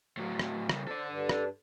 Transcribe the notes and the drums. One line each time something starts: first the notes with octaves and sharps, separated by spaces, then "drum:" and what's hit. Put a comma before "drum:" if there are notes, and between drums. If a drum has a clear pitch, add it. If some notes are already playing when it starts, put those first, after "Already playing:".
A2 F#3
drum: rim click
C#3 G3, drum: rim click
A4 C5 D5
G2 D4
drum: rim click